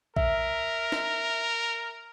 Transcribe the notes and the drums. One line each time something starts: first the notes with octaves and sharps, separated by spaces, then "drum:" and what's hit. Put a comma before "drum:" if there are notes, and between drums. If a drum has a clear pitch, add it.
A#4 E5, drum: kick A#1
drum: snare